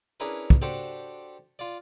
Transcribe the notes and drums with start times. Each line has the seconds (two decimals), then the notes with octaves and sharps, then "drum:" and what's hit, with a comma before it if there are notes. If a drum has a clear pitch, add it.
0.20 C#4 D4 E4 G#4 A#4 B4
0.50 drum: kick
0.62 D4 F#4 G4 A4 C5 D5
1.59 F4 D5